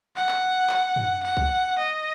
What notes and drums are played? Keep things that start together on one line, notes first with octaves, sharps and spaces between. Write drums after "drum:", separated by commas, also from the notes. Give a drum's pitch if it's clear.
F#5
drum: clap
drum: clap
drum: tom
F#5
drum: kick C2
D#5